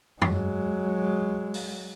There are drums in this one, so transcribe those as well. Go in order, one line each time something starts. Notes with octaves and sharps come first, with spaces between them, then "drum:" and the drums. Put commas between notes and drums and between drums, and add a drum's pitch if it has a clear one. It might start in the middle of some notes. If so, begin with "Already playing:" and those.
F#3 G#3, drum: tom F2
drum: open hi-hat